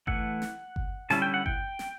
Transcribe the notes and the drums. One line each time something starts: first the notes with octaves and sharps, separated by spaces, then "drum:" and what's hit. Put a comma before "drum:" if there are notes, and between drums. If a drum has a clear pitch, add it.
E3 A3 E4 F#5, drum: kick G1
drum: snare
drum: kick G1
D3 G3 C#4 E4 A5, drum: snare
G5
F#5
G5, drum: kick G1
drum: snare